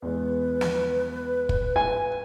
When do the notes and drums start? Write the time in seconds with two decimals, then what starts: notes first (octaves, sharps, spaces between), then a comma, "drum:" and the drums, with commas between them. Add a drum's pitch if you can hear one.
0.02 E2 G#3 B4
0.61 drum: snare
1.49 drum: kick
1.76 G#5